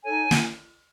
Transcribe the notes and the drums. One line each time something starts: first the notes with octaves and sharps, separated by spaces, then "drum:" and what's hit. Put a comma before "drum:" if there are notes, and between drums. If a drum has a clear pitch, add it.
D#4 A4 C#5 G#5
drum: snare